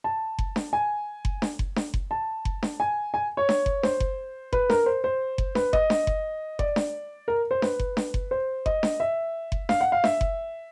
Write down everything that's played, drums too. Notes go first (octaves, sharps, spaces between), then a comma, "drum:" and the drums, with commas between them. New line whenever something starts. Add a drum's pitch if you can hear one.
A5
drum: kick F#1
drum: snare D4
G#5
drum: kick F#1
drum: snare D4
drum: kick F#1
drum: snare D4
drum: kick F#1
A5
drum: kick F#1
drum: snare D4
G#5
G#5
C#5
drum: snare D4
drum: kick F#1
C5, drum: snare D4
drum: kick F#1
B4, drum: kick F#1
A#4, drum: snare D4
C5
C5
drum: kick F#1
B4, drum: snare D4
D#5, drum: kick F#1
drum: snare D4
drum: kick F#1
D5, drum: kick F#1
drum: snare D4
A#4
C5
B4, drum: snare D4
drum: kick F#1
drum: snare D4
drum: kick F#1
C5
D#5, drum: kick F#1
drum: snare D4
E5
drum: kick F#1
F5, drum: snare D4
F#5
F5
E5, drum: snare D4
drum: kick F#1